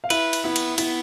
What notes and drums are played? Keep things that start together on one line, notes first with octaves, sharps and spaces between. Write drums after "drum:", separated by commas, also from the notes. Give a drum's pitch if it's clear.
F5
E4 B4 E5, drum: cymbal
drum: cymbal
B3 E4 E5
drum: cymbal
B3 E4 E5, drum: cymbal